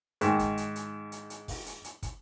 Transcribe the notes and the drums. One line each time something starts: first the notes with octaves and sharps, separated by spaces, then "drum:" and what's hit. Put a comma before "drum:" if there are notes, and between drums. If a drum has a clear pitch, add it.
G#2 D#3, drum: hi-hat
drum: kick, hi-hat
drum: hi-hat
drum: hi-hat
drum: hi-hat
drum: hi-hat
drum: kick, open hi-hat
drum: hi-hat
drum: hi-hat
drum: kick, hi-hat